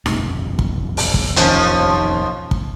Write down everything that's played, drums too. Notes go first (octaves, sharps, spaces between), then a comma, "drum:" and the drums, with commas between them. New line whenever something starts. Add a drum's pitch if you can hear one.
F1 B1, drum: snare D#4
drum: kick
drum: open hi-hat
drum: kick
D#2 F3 C#4, drum: hi-hat
drum: kick